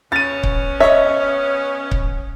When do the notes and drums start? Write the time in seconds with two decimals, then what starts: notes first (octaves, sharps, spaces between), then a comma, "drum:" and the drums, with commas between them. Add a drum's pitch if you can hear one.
0.12 B2 B3 C#4 A6 D#7
0.43 drum: kick C#1
0.80 C#5 D#5 E5
1.91 drum: kick C#1